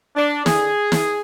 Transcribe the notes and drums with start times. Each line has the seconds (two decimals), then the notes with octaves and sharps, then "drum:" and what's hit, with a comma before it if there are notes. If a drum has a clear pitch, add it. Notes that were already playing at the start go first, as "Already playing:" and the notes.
0.16 D4
0.46 D3 G#4, drum: snare
0.92 drum: snare